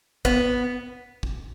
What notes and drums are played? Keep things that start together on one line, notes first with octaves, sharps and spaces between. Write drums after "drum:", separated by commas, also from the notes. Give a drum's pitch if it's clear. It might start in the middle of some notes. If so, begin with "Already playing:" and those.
B3, drum: kick
drum: kick